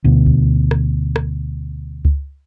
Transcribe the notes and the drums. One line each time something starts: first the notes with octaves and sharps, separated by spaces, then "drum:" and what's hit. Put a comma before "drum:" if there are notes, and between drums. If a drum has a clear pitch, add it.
D2 B2
drum: kick C#2
drum: rim click
drum: rim click
drum: kick C#2